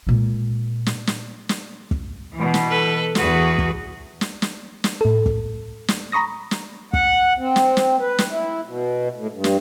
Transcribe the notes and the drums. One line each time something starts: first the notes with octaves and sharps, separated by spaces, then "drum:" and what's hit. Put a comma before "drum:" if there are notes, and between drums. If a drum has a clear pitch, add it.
A#2 G#3
drum: snare
drum: snare
drum: snare
drum: kick
B2 E3
drum: snare
A4 B4
E2 F#4 G#4 B4, drum: snare
drum: kick
drum: snare
drum: snare
drum: snare
A2 A4
drum: kick
drum: snare
A#5 B5 C#6 D#6 A#6
drum: snare
F#5, drum: kick
C4
drum: snare
drum: snare
B4
drum: snare
E4
B2
A2
G2
drum: snare